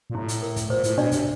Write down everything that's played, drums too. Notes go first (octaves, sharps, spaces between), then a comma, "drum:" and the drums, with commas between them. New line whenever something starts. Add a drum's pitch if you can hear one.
A#2
A2 E4
drum: hi-hat
A#4
drum: kick, hi-hat
A#2 C5
A2, drum: hi-hat
B2 D4 D5
C3, drum: kick, hi-hat